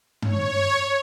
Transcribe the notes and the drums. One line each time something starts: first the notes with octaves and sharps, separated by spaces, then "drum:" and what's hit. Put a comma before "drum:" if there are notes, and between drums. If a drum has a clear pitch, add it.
C#5, drum: tom G2